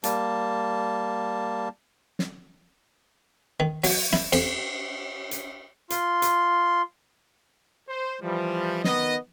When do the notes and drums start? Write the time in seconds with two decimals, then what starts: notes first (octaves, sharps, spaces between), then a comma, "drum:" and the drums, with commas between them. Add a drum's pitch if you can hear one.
0.04 G3 A#3 A5, drum: hi-hat
2.19 drum: snare
3.60 D#3
3.84 F#3, drum: open hi-hat
4.13 E4, drum: snare
4.33 F2, drum: cymbal
5.31 drum: hi-hat
5.90 F4 C6, drum: hi-hat
6.22 drum: hi-hat
7.89 C5
8.21 E3 F3 G3
8.84 D#3 B3 D#5, drum: snare